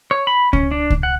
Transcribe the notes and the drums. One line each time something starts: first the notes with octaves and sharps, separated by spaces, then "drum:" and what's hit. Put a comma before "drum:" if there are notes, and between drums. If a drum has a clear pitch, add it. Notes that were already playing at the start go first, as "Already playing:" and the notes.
C#5
B5
C#4, drum: kick C#2
D4
drum: kick C#2
F#5